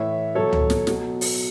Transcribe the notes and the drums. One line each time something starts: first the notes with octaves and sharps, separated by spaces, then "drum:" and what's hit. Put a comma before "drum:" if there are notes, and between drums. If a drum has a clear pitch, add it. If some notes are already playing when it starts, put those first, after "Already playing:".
Already playing: A2 E3 C#5 E5
B2 F#3 A4 C#5
drum: tom C#2
drum: snare
B2 F#3, drum: snare
drum: open hi-hat